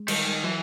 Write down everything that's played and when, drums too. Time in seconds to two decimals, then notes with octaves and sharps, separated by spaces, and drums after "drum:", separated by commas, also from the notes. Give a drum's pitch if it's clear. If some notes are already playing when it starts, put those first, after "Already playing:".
Already playing: G#3
0.08 D#3 G3, drum: cymbal
0.44 E3 F#3